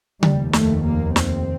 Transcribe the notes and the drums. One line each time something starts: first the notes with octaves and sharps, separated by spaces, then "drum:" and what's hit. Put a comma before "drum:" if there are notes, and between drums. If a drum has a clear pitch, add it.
F1 D#2 G3, drum: tom C#3
A3, drum: snare
A#3
C4, drum: snare